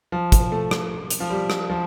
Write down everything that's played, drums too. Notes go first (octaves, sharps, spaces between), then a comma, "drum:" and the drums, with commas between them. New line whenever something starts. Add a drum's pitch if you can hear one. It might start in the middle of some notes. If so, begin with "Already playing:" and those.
F3
drum: kick, hi-hat
A3
drum: rim click
drum: hi-hat
F3
G3
drum: rim click
F3